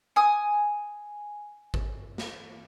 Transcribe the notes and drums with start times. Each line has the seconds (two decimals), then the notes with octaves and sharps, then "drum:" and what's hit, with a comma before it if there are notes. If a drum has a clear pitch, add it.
0.16 G#5 D#6
1.74 drum: kick G#1
2.18 drum: snare